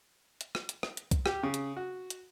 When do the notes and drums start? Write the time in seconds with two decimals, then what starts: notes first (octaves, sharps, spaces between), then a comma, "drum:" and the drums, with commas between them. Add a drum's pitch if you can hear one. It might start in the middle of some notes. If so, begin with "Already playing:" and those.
0.41 drum: hi-hat
0.55 drum: rim click
0.69 drum: hi-hat
0.83 drum: rim click
0.97 drum: hi-hat
1.11 drum: kick, hi-hat
1.26 G4, drum: rim click
1.43 C#3
1.54 drum: hi-hat
1.77 F#4
2.10 drum: hi-hat